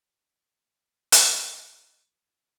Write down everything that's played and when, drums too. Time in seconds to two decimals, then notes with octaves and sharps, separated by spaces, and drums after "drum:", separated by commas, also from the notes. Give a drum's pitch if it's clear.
0.17 F3 A3 B3 D4
0.52 C#5 F5
1.12 drum: hi-hat
1.70 F3 G#3 G#4 C#5